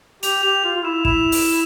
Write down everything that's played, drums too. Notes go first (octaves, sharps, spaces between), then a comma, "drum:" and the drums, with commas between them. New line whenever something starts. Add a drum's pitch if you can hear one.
G4 F7, drum: hi-hat
G4 F7
F4 F7
F4
E4 E7
E4 E7, drum: kick
drum: open hi-hat